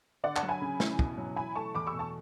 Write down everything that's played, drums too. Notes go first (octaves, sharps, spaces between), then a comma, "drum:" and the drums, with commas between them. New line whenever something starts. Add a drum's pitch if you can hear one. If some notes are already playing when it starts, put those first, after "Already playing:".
D3 D5 F#5
F#5 A5, drum: clap
F#3
G#5 B5
C#3
E3, drum: snare
B2, drum: kick
F#3
E3 G#5 B5
A3 A5 C#6
E2 B5 D6
C#6 E6
B2
A5 C#6